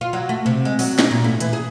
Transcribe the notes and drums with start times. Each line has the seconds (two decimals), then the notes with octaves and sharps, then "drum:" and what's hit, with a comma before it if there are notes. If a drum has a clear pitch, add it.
0.01 F4
0.13 F#3
0.29 A3
0.46 C3
0.65 G#3
0.79 F#3, drum: open hi-hat
0.99 G#3, drum: snare
1.11 A#2
1.24 A2
1.40 E3, drum: hi-hat
1.53 G#4